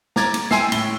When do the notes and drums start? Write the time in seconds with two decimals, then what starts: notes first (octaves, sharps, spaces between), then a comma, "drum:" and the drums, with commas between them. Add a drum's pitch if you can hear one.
0.16 A#5 D6 G#6 A6, drum: snare
0.34 drum: cymbal
0.51 E5 G5 G#5 C6 E6 C7, drum: snare
0.72 A2 G7, drum: cymbal